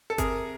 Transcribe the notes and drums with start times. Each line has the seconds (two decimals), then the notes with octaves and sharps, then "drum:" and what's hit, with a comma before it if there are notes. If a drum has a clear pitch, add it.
0.10 A4
0.18 C3 G#4 A#4, drum: kick G1, hi-hat